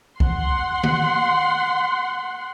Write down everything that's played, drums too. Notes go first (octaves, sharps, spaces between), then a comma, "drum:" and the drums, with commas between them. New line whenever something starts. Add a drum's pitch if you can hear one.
F#5 C6, drum: kick
drum: tom D#3